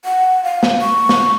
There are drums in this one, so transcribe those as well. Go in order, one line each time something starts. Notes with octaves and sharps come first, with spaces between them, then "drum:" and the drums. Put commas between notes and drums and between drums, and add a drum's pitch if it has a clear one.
F#5
F5
drum: snare
C#6
drum: snare